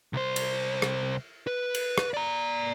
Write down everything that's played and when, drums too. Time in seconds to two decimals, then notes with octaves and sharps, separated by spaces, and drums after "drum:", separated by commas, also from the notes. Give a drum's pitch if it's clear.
0.13 C2 C5
0.36 drum: cymbal
0.82 drum: rim click
1.47 B4
1.75 drum: cymbal
1.98 drum: rim click
2.14 D5 A#5